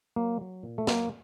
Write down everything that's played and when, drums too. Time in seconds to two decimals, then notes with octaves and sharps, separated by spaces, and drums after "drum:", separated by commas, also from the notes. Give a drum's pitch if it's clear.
0.16 F#3 A#3
0.41 F#3
0.63 A#2
0.78 A3
0.87 F#3 A#3, drum: snare